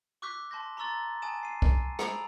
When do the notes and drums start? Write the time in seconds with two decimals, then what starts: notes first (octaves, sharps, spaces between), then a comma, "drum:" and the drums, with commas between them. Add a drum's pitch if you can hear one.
0.22 C#6 D6 E6 F#6 G6 B6
0.51 A5 C6 G6 A#6
0.77 A#5 C6 C#6 E6 A6
1.22 G#5 A5 D#6 D7 E7
1.43 C7 D#7
1.62 drum: kick
1.99 A#5 B5 D#6 E6 D7 F7, drum: rim click